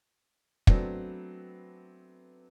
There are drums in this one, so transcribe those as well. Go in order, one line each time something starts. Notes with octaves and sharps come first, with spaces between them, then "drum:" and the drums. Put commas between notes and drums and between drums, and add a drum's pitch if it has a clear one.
F#3 A3 B3 C4 D4, drum: kick